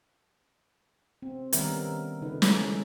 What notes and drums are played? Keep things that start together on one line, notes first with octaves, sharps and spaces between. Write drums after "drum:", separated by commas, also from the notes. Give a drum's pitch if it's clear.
C4
D#3 G3 B3 C#4 A#4 E5, drum: hi-hat
C#3 D#4 A4 B4
C#4 E4 G#4 A4, drum: snare